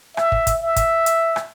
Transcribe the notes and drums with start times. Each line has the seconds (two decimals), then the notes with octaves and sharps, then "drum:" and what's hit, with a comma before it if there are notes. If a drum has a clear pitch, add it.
0.17 E5, drum: rim click
0.32 drum: kick
0.47 drum: kick, hi-hat
0.62 E5
0.76 drum: kick, hi-hat
1.06 drum: hi-hat
1.36 drum: rim click